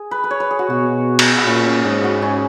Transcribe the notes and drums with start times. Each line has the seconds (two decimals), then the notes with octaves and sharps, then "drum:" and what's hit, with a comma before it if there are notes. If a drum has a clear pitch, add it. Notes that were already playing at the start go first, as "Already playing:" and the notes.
Already playing: G#4
0.11 B4
0.24 B4
0.31 C#5
0.40 B4
0.51 G#4
0.59 F#4
0.70 B2 F#4
1.19 drum: cymbal
1.38 B3
1.46 A#2 C#4
1.66 C#4
1.84 G#2 G#4
2.04 F#4
2.22 C#4